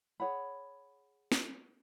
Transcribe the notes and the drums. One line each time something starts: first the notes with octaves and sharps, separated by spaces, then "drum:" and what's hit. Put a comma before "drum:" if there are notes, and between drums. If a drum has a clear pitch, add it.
G#4 C#5 F#5 B5
drum: snare